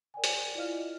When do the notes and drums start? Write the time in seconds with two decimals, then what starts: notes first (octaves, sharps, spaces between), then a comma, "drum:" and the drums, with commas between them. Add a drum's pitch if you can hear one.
0.14 A#4 D5 G5 G#5
0.24 drum: hi-hat
0.55 E4 F4 D5 D#5 F5 F6